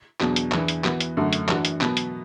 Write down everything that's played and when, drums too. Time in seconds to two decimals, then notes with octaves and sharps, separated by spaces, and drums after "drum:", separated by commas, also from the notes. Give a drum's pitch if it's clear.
0.20 E2 B2 F#3 D4, drum: clap
0.36 drum: hi-hat
0.52 E2 E3 D4, drum: clap
0.68 drum: hi-hat
0.84 E3 B3 F#4, drum: clap
1.00 drum: hi-hat
1.17 F#2 D3 A3 F#4
1.33 drum: hi-hat
1.49 E3 D4 F#4, drum: clap
1.65 drum: hi-hat
1.81 B2 F#3 B3, drum: clap
1.97 drum: hi-hat